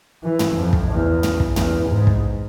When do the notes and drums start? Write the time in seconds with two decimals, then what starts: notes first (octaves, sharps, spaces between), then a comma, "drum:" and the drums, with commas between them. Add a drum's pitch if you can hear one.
0.23 E3
0.39 drum: tom
0.56 F2
0.73 drum: kick
0.90 E2
1.23 drum: tom
1.40 drum: kick
1.56 E2, drum: tom
1.90 G#2
2.07 drum: kick